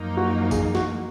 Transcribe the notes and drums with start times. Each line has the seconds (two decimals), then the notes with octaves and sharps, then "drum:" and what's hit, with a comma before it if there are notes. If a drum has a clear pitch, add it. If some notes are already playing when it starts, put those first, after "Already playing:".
Already playing: F#2 F3 A#3 D#4
0.17 F#4
0.51 G#4, drum: kick A1, tambourine
0.75 F#4, drum: snare